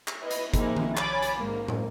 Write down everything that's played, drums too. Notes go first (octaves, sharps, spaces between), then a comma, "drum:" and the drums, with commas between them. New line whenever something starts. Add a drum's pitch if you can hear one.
drum: clap
E4 B4 D#5
drum: hi-hat
F3 G#3 A#3 C4 D#4 E4, drum: kick, hi-hat
drum: tom D#3
C#5 G#5 B5 D6 A6, drum: clap
drum: hi-hat
G#2 A#3
drum: tom